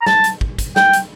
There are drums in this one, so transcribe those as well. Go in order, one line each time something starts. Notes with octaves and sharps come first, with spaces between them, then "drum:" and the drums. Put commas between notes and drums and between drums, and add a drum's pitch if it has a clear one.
A#5
A5, drum: snare
drum: hi-hat
drum: kick
drum: kick, hi-hat
G5, drum: snare
drum: hi-hat